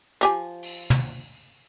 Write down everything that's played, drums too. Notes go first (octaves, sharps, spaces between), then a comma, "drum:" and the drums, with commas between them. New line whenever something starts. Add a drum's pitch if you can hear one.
F3 G4 G#5, drum: hi-hat
drum: open hi-hat
drum: tom